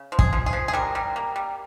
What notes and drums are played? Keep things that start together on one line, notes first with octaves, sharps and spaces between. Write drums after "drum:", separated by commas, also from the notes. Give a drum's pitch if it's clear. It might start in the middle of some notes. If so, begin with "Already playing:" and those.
Already playing: C#3
F3
G#4, drum: kick
F3
G#4
F3
G#4
G3 A#4
G3
A#3
G3